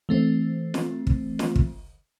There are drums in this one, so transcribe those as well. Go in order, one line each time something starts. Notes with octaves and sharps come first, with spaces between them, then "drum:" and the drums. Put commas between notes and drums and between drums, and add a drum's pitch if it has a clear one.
E3 A3 C4
drum: snare
drum: kick
drum: snare
drum: kick